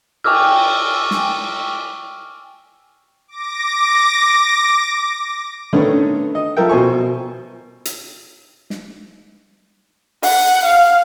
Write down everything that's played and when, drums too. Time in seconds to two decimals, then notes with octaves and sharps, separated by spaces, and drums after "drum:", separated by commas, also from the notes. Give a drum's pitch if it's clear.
0.24 G5 G#5 C#6 D6 E6 F6, drum: cymbal
1.11 drum: snare
3.28 D6 A#6
5.73 D3 D#3 A3 B3 C#4
6.35 D#5
6.57 F3 A4 A#4 E5 G5
6.69 B2 C5 G#5 C#6
7.85 drum: hi-hat
8.70 drum: snare
10.23 F#5, drum: open hi-hat
10.65 F5